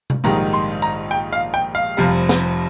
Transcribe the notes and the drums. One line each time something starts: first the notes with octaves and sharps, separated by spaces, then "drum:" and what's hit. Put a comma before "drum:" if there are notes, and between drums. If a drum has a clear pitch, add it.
drum: tom C3
A#1 G#2 D#3 G3 A#5
C6
A#5
G5
F5
G5
F5
F1 F2 C3 G3
drum: snare